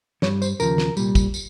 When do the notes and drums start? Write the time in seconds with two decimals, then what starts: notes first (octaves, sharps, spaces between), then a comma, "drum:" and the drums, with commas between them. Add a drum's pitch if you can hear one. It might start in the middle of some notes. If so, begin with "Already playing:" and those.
0.22 G2 G3 C#5, drum: snare
0.42 C5, drum: tambourine
0.60 D#2 C#3 F3 A#4, drum: tambourine
0.78 drum: snare
0.97 C2 A#2 G3, drum: tambourine
1.15 drum: kick, tambourine
1.34 drum: tambourine